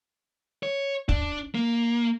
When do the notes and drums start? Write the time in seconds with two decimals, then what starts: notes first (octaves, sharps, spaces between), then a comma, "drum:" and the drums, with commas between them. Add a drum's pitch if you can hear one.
0.63 C#5
1.09 D4, drum: kick
1.55 A#3